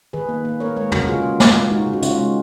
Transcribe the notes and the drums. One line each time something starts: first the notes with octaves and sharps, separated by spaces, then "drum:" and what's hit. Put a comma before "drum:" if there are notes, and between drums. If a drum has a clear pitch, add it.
D#3 G#4 B4
A#3
A#3
A#3 A#4 C#5
G#3 A#4 C#5
C#3 F#4 A#4, drum: tom
C#3 F4 G#4
C#3
G#3, drum: snare
G#3
G#3 D#4 F#4
C#3
F#4
C#3 C#4 F4, drum: hi-hat
G#3